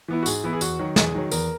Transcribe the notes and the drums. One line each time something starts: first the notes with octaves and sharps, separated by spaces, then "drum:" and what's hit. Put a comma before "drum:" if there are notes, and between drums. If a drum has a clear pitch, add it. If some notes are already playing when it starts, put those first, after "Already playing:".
E3 B3 E4
F#4
G#2 G#4, drum: tambourine
E3 B3 E4
G#4
E2 F#4, drum: tambourine
D#3 F#3
E2 G#4, drum: snare
D#3 F#3
E2 A#4, drum: tambourine